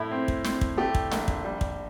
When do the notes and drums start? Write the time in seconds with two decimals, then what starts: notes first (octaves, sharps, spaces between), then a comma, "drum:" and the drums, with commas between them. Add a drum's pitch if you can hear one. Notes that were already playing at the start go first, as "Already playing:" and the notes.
Already playing: A2 E4
0.11 C4
0.28 drum: kick
0.44 C4, drum: snare
0.61 drum: kick
0.77 A3 G4
0.95 drum: kick
1.11 A#1, drum: snare
1.28 drum: kick
1.44 G3
1.61 drum: kick